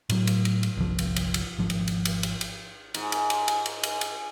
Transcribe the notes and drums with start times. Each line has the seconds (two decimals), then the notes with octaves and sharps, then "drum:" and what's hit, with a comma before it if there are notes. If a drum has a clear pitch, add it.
0.10 A2 F#3, drum: cymbal
0.27 drum: cymbal
0.45 drum: cymbal
0.63 drum: cymbal
0.77 G1 C2 F3
0.99 drum: cymbal
1.16 drum: cymbal
1.34 drum: cymbal
1.58 G#1 F3
1.70 drum: cymbal
1.88 drum: cymbal
2.05 drum: cymbal
2.23 drum: cymbal
2.41 drum: cymbal
2.94 G#2, drum: cymbal
3.12 drum: cymbal
3.30 drum: cymbal
3.48 drum: cymbal
3.66 drum: cymbal
3.83 drum: cymbal
4.01 drum: cymbal